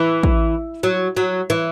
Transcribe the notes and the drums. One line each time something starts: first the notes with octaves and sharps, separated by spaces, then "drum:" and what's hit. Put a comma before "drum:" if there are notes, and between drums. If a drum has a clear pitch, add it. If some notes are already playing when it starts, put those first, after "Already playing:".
Already playing: E3
drum: kick
F#3
F#3
E3